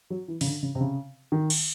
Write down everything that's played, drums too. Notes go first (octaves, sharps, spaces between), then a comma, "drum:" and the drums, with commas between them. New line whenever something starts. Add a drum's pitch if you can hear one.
F#3
E3
C#3, drum: open hi-hat
D3
C#3
C3
C#3
D#3
drum: cymbal